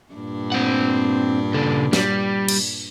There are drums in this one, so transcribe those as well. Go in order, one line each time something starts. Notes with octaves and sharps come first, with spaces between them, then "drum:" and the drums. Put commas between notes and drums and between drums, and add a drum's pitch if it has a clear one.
G2 A#2 D4
C4 F#5
C#3 A4
G3, drum: snare
drum: cymbal